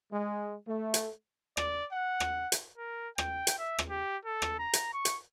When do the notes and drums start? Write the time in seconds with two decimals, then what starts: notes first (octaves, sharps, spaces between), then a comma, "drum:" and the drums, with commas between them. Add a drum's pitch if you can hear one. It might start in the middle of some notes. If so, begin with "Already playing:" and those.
0.11 G#3
0.66 A3
0.94 drum: hi-hat
1.57 D5, drum: rim click
1.92 F#5
2.20 drum: rim click
2.52 drum: hi-hat
2.78 A#4
3.18 G5, drum: rim click
3.47 drum: hi-hat
3.59 E5
3.79 drum: rim click
3.90 G4
4.25 A4
4.42 drum: rim click
4.59 A#5
4.73 drum: hi-hat
4.93 C#6
5.05 drum: hi-hat